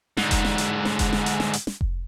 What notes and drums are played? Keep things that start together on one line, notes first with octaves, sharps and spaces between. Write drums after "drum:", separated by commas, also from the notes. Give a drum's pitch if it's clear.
G#2 D3, drum: snare
drum: kick F1, hi-hat
drum: snare
drum: hi-hat
drum: snare
drum: kick F1, hi-hat
drum: snare
drum: hi-hat
drum: snare
drum: hi-hat
drum: snare
drum: kick F1